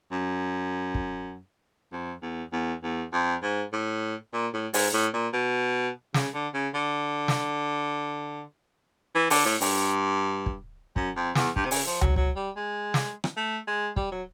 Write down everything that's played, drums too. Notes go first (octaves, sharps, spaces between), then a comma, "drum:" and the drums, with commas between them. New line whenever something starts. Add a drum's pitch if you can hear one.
F#2
drum: kick
F2
E2
E2
E2
F2
G#2
A2
A#2
A2
G#2, drum: open hi-hat
A2
A#2
B2
C#3, drum: snare
D3
C#3
D3
drum: snare
E3
D3, drum: open hi-hat
A2
G2, drum: open hi-hat
drum: kick
F#2, drum: kick
F2
E2, drum: snare
G2, drum: kick
C3
C#3, drum: open hi-hat
F3
F#3, drum: tom C#2
F#3, drum: kick
G3
G#3
drum: snare
drum: rim click
A3
G#3
G3, drum: kick
F#3